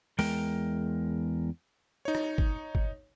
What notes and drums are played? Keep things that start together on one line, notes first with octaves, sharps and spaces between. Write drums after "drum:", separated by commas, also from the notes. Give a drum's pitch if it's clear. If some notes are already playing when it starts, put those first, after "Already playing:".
E2 G#3 A#4 G5, drum: open hi-hat
D#4 C#5
drum: rim click
drum: kick
drum: kick